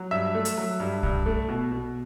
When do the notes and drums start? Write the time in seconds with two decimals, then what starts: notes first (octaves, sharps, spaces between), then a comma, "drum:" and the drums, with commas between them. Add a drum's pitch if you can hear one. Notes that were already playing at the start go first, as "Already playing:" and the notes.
Already playing: F#3
0.11 G2 E5 E6
0.35 A3
0.45 drum: hi-hat
0.57 F#3
0.80 G2
1.03 G2, drum: kick
1.26 A3
1.49 B2
1.72 B2